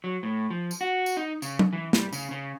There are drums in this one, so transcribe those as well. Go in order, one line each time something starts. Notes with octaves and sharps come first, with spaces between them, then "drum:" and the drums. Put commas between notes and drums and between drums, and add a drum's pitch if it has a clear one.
F#3
A2
F3
drum: tambourine
F#4
drum: tambourine
D#4
C#3, drum: tambourine
drum: tom F#3
E3
G3, drum: snare
C#3, drum: tambourine
C#3